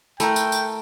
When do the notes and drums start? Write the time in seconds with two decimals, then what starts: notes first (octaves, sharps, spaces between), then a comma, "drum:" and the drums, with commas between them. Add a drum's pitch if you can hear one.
0.20 A3 E4 A#4 G5, drum: tambourine
0.36 drum: tambourine
0.52 drum: tambourine